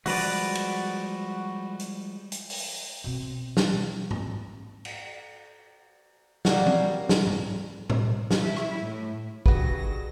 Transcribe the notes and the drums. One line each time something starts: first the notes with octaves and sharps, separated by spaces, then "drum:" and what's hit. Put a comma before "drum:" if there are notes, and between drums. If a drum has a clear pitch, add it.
F3 G3 G#3 F#4 B4 D5, drum: open hi-hat
drum: cymbal
drum: hi-hat
drum: hi-hat
drum: open hi-hat
B2 C4
drum: snare
drum: tom G#2
drum: cymbal
F#3 G3 A#3, drum: snare
drum: tom F3
drum: snare
drum: tom G#2
drum: tom A2
drum: snare
E4
drum: rim click
A2
G2 D#3 F#3 F#4 G#4 B4 A#6, drum: kick